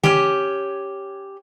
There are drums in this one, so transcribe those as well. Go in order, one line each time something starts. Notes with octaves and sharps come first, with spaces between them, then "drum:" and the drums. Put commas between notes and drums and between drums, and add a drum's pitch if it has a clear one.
C#4 G4, drum: tom